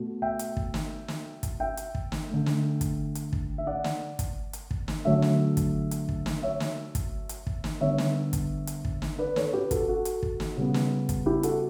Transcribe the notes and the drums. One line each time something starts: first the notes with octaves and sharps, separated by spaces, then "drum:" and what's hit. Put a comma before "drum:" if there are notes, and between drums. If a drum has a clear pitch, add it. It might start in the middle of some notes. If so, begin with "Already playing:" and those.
Already playing: B2 A3
E5 G5
drum: hi-hat
drum: kick
drum: snare
drum: snare
drum: kick, hi-hat
E5 G5
drum: hi-hat
drum: kick
drum: snare
D3 A3
drum: snare
drum: kick, hi-hat
drum: hi-hat
drum: kick
E5
D5 F#5
drum: snare
drum: kick, hi-hat
drum: hi-hat
drum: kick
drum: snare
D3 F#3 A3 C#5 E5
drum: snare
drum: kick, hi-hat
drum: hi-hat
drum: kick
drum: snare
C#5 E5
drum: snare
drum: kick, hi-hat
drum: hi-hat
drum: kick
drum: snare
D3 G3 B3 C#5 E5
drum: snare
drum: kick, hi-hat
drum: hi-hat
drum: kick
drum: snare
B4 D5
A4 C#5, drum: snare
G4 B4
F#4 A4, drum: kick, hi-hat
F#4 A4
drum: hi-hat
drum: kick
drum: snare
C#3 G3 B3
drum: snare
drum: kick, hi-hat
E4 G4
F#4 A4, drum: hi-hat